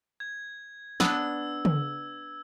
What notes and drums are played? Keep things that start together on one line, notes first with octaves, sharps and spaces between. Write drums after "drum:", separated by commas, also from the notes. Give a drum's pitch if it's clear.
G#6
B3 D4 E6, drum: snare
drum: tom